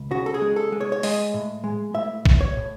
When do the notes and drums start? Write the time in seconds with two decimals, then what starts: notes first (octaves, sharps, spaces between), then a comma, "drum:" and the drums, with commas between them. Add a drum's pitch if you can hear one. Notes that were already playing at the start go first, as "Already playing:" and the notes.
Already playing: C#2
0.11 C#3 F#4
0.26 A4
0.34 G#4
0.41 G#3
0.56 A4
0.72 G#3
0.81 C#5
0.92 C#5
1.03 G#3 D#5, drum: open hi-hat
1.34 A2
1.64 G#3
1.94 A2 E5
2.26 A2, drum: kick
2.41 C#5
2.57 A2